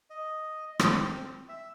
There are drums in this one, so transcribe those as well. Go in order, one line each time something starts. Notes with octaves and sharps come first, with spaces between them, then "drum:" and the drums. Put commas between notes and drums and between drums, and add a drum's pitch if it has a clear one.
D#5
C4, drum: rim click
E5